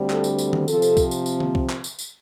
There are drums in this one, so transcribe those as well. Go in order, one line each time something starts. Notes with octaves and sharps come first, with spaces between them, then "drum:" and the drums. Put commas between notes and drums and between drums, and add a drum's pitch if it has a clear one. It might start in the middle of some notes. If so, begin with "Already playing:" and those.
Already playing: D2 D3 G3 C4
A4, drum: clap
drum: tambourine
drum: tambourine
drum: tom D#3
C3 F3 C4 A4, drum: tambourine
drum: tambourine
drum: kick C2, tambourine
drum: tambourine
drum: tambourine
drum: tom D3
drum: kick C2
drum: clap
drum: tambourine
drum: tambourine